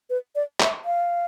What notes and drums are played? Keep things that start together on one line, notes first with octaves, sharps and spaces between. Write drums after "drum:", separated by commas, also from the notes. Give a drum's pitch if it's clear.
B4
D5
E5, drum: clap
F5